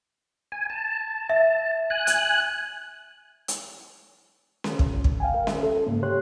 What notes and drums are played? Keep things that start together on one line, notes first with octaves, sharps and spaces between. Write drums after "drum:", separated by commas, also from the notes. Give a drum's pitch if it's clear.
G#5
A5
E5
G#5 F#6
drum: hi-hat
drum: hi-hat
drum: snare C#4
drum: kick
drum: kick
F5 G5 G#5
A#4
E5, drum: snare C#4
A4
G#2 C#3 A#3
G4 C#5 C6 F#6